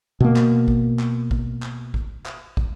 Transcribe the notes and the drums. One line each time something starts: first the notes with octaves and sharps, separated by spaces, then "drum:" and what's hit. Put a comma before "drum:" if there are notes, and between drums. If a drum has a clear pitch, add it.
B2 A#3
drum: clap
drum: kick
drum: clap
drum: kick
drum: clap
drum: kick
drum: clap
drum: kick